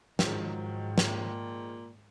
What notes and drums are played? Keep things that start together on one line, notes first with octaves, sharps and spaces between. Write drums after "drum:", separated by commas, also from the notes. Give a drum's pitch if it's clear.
G#2 D#3 F3 F#3 G#3, drum: snare
A#2, drum: snare